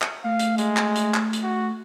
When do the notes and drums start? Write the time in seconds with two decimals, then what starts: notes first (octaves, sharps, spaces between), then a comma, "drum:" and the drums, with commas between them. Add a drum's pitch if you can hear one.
0.02 drum: clap
0.24 A3 F5
0.39 drum: hi-hat
0.58 G#3, drum: hi-hat
0.77 drum: clap
0.95 drum: hi-hat
1.14 drum: clap
1.33 drum: hi-hat
1.43 F#4